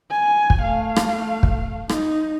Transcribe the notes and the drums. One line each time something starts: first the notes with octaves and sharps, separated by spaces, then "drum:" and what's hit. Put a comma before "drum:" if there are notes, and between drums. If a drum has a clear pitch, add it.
G#5
drum: kick
A3 F5
drum: rim click
drum: kick
D#4, drum: rim click